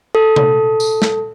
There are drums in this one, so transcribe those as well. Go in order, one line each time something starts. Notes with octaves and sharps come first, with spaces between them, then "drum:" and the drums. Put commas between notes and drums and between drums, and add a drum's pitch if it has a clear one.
A4
drum: tom C3
drum: tambourine
drum: snare